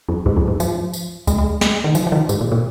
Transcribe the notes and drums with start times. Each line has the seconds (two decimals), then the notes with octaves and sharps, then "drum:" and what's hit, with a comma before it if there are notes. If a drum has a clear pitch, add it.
0.09 F2
0.26 G#2, drum: kick C#2
0.37 F2
0.48 G#2
0.60 F3, drum: tambourine
0.94 drum: tambourine
1.27 G#3, drum: kick C#2, tambourine
1.38 G#3
1.61 G#3, drum: snare
1.84 D#3
1.95 F3, drum: tambourine
2.07 F3
2.12 D#3
2.29 G#2, drum: tambourine
2.41 A#2
2.52 A#2